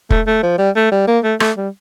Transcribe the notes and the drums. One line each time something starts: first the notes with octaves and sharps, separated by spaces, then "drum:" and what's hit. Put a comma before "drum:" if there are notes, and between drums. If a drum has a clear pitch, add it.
A3, drum: kick
A3
F3
G3
A3
G3
A#3
A3
A3, drum: rim click
G3